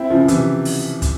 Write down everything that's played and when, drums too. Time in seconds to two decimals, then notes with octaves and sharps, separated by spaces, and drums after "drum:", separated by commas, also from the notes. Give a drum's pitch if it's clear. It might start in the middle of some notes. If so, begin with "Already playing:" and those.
Already playing: C4 E4
0.10 C#3 F3
0.21 F3
0.28 C3 E3, drum: hi-hat
0.65 drum: open hi-hat
1.02 drum: kick, hi-hat